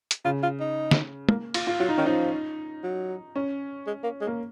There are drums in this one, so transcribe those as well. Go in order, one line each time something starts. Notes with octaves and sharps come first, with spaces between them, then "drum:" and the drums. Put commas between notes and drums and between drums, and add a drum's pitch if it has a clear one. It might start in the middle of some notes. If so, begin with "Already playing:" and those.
drum: hi-hat
C#3 F4
F4
D#4
drum: snare
A#3, drum: tom
F4, drum: cymbal
F4
F#3 F4
D#4
D#3 C#4
F3 D#4
F#3
C#4
G#3
A#3
G#3
A#3